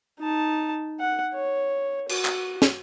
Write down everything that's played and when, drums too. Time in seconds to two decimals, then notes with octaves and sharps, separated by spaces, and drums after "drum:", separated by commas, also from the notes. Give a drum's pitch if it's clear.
0.20 D#4 A5
1.00 F#5
1.34 C#5
2.09 F#4, drum: cymbal
2.25 drum: clap
2.62 drum: snare